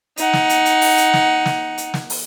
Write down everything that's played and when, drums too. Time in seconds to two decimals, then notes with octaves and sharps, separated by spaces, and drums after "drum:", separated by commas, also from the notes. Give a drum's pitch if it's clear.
0.17 D#4 F#5, drum: hi-hat
0.33 drum: snare
0.49 drum: hi-hat
0.65 drum: hi-hat
0.81 drum: open hi-hat
0.97 drum: hi-hat
1.14 drum: snare
1.46 drum: snare
1.78 drum: hi-hat
1.94 drum: snare
2.10 drum: open hi-hat